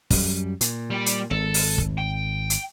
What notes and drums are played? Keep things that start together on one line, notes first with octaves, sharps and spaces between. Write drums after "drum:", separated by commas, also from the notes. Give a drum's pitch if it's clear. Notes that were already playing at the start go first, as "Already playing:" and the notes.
F#2 G3, drum: kick, open hi-hat
A#2, drum: hi-hat
G3 G4
drum: hi-hat
G#1 A4
drum: open hi-hat
drum: kick
G5
drum: hi-hat